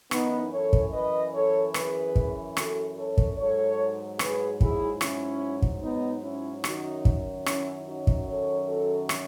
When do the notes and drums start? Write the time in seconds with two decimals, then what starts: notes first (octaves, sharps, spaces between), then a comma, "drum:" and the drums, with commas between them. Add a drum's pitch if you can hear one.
0.11 F#2 E3 B3 D#4, drum: rim click
0.52 A4 C#5
0.73 drum: kick
0.93 B4 D#5
1.35 A4 C#5
1.74 G#4 B4, drum: rim click
2.16 drum: kick
2.57 F#4 A4, drum: rim click
2.97 A4 C#5
3.18 drum: kick
3.37 G#2 F#3 A4 C#5
4.19 G#4 B4, drum: rim click
4.61 E4 G#4, drum: kick
5.01 C#4 E4, drum: rim click
5.62 drum: kick
5.83 B3 D#4
6.24 C#4 E4
6.64 F#2 D#3 F#3 D#4 F#4, drum: rim click
7.05 drum: kick
7.46 C#4 E4, drum: rim click
7.87 D#4 F#4
8.07 drum: kick
8.27 A4 C#5
8.68 F#4 A4
9.09 drum: rim click